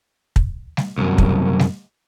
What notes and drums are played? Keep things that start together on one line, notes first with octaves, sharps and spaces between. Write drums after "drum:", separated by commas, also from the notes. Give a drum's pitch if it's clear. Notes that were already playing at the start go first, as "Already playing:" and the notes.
drum: kick
drum: snare G3
C2 F#2
drum: kick
drum: snare G3